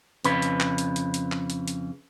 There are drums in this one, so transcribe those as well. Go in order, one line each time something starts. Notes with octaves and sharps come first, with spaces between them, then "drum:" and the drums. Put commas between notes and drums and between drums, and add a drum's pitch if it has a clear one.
F2 C#3 B4, drum: hi-hat
drum: hi-hat
drum: clap
drum: hi-hat
drum: hi-hat
drum: hi-hat
drum: clap
drum: hi-hat
drum: hi-hat